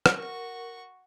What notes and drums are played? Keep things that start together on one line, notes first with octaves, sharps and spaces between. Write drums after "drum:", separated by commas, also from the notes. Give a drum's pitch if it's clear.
drum: rim click
F#4 A#4 C#6